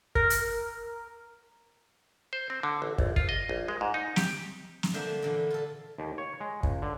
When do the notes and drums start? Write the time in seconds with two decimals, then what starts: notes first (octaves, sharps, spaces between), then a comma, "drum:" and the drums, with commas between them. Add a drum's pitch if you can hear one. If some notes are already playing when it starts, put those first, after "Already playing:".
0.15 A#4, drum: kick
0.30 drum: hi-hat
2.33 C5
2.50 C4
2.63 D3
2.82 A1
2.98 A#1, drum: kick
3.16 F4, drum: kick
3.29 D#5
3.49 A#1
3.68 G#3
3.81 G#2
3.94 D#4
4.16 G4, drum: snare
4.83 drum: snare
4.94 D3 F3 A#3 C5 E5 C6
5.22 A#2 D3 E3
5.50 F4 A4
5.98 D#2
6.18 C#5
6.41 G#3
6.63 C#2, drum: kick
6.82 D3